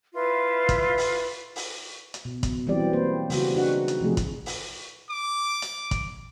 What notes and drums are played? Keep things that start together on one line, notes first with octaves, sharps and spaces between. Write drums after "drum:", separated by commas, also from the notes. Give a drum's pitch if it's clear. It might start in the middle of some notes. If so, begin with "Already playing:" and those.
E4 F4 B4 E5
drum: kick, hi-hat
drum: open hi-hat
drum: open hi-hat
drum: hi-hat
B2
drum: kick, hi-hat
E3 F#3 G3 C4 G4 D5
A#3 C4 B4 C5
C#3 G3 F#4, drum: open hi-hat
D4 D#4 F#4 F#5
drum: hi-hat
C3 F3 A3 G#4
drum: kick, hi-hat
drum: open hi-hat
D6
drum: hi-hat
drum: kick, hi-hat